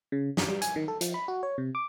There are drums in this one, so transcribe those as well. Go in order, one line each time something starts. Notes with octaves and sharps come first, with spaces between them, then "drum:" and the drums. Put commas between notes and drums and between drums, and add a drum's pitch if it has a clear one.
C#3
F#2, drum: snare
G3
G#5, drum: hi-hat
D#3
A4
F3, drum: hi-hat
B5
F#4
C#5
C3
D6